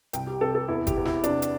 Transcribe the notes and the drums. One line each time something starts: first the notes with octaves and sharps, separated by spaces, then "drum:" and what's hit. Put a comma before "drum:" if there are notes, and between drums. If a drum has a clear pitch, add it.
C2 G5, drum: hi-hat
G4
C3 A4
A4
E2 E4
G4, drum: kick G1, hi-hat
E2
E4, drum: snare
C3 D4, drum: hi-hat
drum: hi-hat